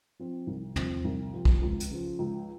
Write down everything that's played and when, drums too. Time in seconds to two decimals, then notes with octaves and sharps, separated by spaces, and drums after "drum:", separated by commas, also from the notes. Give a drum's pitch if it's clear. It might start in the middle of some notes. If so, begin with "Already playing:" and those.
0.19 F3 C4
0.47 C2
0.76 C3 F3 C4, drum: tom
1.04 C2
1.33 C3 F3 C4
1.45 drum: kick
1.62 C#2
1.80 drum: hi-hat
1.91 C#3 F3
2.19 C#2